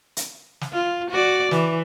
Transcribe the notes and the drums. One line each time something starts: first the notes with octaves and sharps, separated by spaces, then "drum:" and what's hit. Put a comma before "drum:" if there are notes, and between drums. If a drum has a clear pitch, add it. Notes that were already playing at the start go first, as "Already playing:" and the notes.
drum: hi-hat
drum: snare
F4
F#4 D5
E3, drum: snare